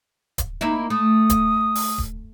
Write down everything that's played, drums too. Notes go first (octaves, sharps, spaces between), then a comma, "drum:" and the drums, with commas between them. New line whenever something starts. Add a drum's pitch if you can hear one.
drum: kick D1, hi-hat
A#3 D#4 E4
A3 D#6
drum: kick D1, hi-hat
drum: open hi-hat
drum: kick D1